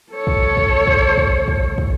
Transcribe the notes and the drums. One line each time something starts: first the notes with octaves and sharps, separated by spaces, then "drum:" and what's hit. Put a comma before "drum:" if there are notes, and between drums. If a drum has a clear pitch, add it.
A4 C#5
drum: kick
drum: kick
drum: kick
drum: kick
drum: kick
drum: kick